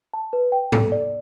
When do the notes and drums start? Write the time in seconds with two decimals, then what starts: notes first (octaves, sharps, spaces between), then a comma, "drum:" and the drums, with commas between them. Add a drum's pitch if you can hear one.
0.13 A5
0.33 B4
0.52 G5
0.72 A4, drum: tom G#2
0.92 D5